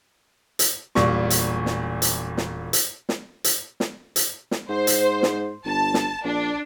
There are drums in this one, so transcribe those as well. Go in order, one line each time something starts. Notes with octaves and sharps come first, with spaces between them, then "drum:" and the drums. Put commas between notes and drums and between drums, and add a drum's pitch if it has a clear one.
drum: hi-hat
E1 A#2 G3 C#6, drum: snare
drum: hi-hat
drum: snare
drum: hi-hat
drum: snare
drum: hi-hat
drum: snare
drum: hi-hat
drum: snare
drum: hi-hat
drum: snare
G#2 C5
drum: hi-hat
drum: snare
G1 A5
drum: snare
A#1 D4